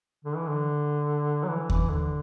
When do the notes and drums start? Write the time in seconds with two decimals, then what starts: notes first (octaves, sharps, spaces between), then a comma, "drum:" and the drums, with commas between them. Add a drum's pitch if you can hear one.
0.25 D3
0.36 E3
0.48 D3
1.44 F#3
1.48 E3
1.70 E3, drum: kick D#2
1.90 D3